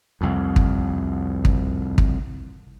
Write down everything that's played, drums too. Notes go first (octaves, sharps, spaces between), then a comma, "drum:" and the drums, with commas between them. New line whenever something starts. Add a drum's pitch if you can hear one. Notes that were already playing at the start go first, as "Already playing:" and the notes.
C2 F2
drum: kick
drum: kick
drum: kick